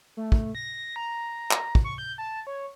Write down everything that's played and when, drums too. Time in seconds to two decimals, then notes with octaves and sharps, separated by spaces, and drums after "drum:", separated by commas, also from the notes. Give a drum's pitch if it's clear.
0.17 A3
0.32 drum: kick
0.55 A#6
0.96 A#5
1.51 drum: clap
1.75 drum: kick
1.84 C#6
1.98 G6
2.18 A5
2.47 C#5